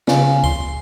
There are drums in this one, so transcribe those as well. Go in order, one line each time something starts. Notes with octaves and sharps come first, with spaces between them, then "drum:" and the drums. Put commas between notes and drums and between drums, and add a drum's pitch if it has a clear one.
C#3, drum: snare
C6, drum: kick C#2